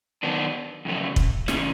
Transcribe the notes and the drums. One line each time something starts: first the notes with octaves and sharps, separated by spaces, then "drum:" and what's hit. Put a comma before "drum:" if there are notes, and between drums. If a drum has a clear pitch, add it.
D#3 F#3 B3 D4
F2 C#3 F#3 A3
drum: kick
C#3 E3 A3 C#4, drum: snare